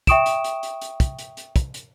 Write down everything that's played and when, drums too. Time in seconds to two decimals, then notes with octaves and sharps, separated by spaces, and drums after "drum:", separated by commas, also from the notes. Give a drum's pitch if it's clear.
0.07 E5 G5 C#6 D#6 D7 E7, drum: kick, hi-hat
0.26 drum: hi-hat
0.44 drum: hi-hat
0.63 drum: hi-hat
0.81 drum: hi-hat
1.00 drum: kick, hi-hat
1.19 drum: hi-hat
1.37 drum: hi-hat
1.56 drum: kick, hi-hat
1.74 drum: hi-hat